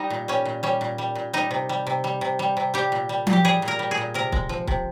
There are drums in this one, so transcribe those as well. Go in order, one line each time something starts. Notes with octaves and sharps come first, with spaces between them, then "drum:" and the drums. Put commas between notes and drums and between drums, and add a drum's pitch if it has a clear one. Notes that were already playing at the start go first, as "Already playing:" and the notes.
Already playing: G3 D#4
A#2
G3 C#4
A#2
G3 C#4
A#2
G3
A#2
G3 D#4
C3
G3
C3
G3
C3
G3
C3
G3 G4
A#2
G3
A#2, drum: tom F3
G4
G3 G#4
A#2
A#4
G3
G#4
A#2
C3 A#4
G#3, drum: kick
F3
C3, drum: kick